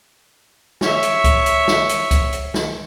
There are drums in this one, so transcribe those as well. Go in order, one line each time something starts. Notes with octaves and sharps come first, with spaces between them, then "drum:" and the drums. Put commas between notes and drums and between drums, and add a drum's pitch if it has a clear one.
C#5 E5, drum: snare
drum: hi-hat
drum: kick C#2, hi-hat
drum: hi-hat
drum: snare
drum: hi-hat
drum: kick C#2, hi-hat
drum: hi-hat
drum: snare